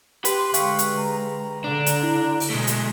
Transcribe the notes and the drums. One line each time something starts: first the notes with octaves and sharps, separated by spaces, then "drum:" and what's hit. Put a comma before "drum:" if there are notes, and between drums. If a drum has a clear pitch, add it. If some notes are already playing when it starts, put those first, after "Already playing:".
G4 B4 G5 C6, drum: hi-hat
D3 G#3 F5 G5 C6 C#6, drum: hi-hat
drum: hi-hat
A#5
D3 D4
drum: hi-hat
E4
drum: open hi-hat
B2 G#3 A3
drum: hi-hat